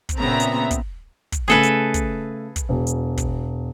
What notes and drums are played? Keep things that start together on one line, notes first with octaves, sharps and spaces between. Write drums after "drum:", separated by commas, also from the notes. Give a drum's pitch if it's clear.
drum: kick, hi-hat
A#2 C#3 B3 C4 E5 A#5
drum: hi-hat
drum: kick, hi-hat
drum: kick, hi-hat
C#3 A3 G#4 A4 B4 G#5
drum: hi-hat
drum: kick, hi-hat
drum: kick, hi-hat
E1
drum: hi-hat
drum: kick, hi-hat